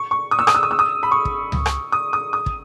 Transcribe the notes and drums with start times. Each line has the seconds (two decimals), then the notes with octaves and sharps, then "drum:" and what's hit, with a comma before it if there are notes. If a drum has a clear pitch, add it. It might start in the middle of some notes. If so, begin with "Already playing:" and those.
Already playing: C#6
0.11 C#6
0.31 D#6
0.39 E6
0.47 D#6, drum: rim click
0.55 E6
0.63 D#6
0.71 E6
0.79 D#6
1.03 B5
1.12 C#6
1.25 drum: kick
1.52 drum: tom C#2
1.66 drum: rim click
1.92 D#6
2.13 D#6
2.33 D#6
2.46 drum: kick